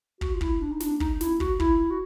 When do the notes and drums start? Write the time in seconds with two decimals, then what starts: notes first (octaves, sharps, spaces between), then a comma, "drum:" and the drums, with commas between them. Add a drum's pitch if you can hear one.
0.21 F#4, drum: kick
0.35 F4
0.41 E4, drum: kick
0.61 D4
0.72 D#4
0.80 D4, drum: snare
1.00 D#4, drum: kick
1.21 E4, drum: snare
1.40 F#4, drum: kick
1.60 E4, drum: kick
1.80 E4
1.90 F#4